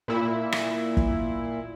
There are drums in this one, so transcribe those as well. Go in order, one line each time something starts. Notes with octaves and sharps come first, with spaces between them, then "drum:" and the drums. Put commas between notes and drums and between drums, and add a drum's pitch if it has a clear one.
A#2 E4
drum: rim click
drum: kick